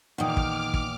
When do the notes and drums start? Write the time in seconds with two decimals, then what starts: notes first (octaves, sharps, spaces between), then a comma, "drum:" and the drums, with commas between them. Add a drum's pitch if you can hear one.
0.18 E2 A#2 D#3 F#5 G5 D6 D#6 F6
0.37 drum: kick
0.74 drum: kick